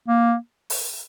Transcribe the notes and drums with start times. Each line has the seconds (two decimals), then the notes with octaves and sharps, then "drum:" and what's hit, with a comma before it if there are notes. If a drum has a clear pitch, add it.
0.08 A#3
0.70 drum: open hi-hat